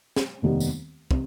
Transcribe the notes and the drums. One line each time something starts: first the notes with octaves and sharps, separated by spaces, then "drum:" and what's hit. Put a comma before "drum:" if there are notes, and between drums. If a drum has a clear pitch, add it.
drum: snare
F1 D#2 D#3 G3 B3
drum: tambourine
C3, drum: kick